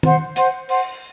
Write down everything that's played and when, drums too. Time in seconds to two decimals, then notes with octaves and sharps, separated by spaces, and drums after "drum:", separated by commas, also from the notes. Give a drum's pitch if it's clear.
0.03 C5 F#5 C6, drum: tom
0.36 C5 F#5 C6, drum: hi-hat
0.69 C5 F#5 C6, drum: open hi-hat